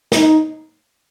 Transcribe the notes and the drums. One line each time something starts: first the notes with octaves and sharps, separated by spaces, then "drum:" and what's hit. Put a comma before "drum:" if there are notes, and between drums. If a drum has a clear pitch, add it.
D#4, drum: snare